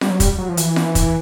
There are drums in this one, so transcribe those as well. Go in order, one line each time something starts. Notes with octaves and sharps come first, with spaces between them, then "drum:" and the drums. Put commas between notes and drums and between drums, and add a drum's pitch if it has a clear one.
G3, drum: snare F4
F#3
G3, drum: kick, hi-hat
F#3
F3
E3, drum: hi-hat
drum: snare F4
drum: kick, hi-hat